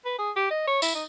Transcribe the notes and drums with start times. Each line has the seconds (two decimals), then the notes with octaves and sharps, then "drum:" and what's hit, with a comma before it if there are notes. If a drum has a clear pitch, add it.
0.05 B4
0.18 G#4
0.36 G4
0.51 D#5
0.67 C#5
0.82 E4, drum: tambourine
0.95 D#4